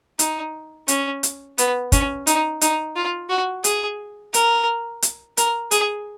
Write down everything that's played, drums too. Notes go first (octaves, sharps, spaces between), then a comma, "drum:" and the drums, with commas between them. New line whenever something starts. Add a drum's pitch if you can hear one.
D#4, drum: hi-hat
C#4, drum: hi-hat
drum: hi-hat
B3, drum: hi-hat
C#4, drum: kick, hi-hat
D#4, drum: hi-hat
D#4, drum: hi-hat
F4
F#4
G#4, drum: hi-hat
A#4, drum: hi-hat
drum: hi-hat
A#4, drum: hi-hat
G#4, drum: hi-hat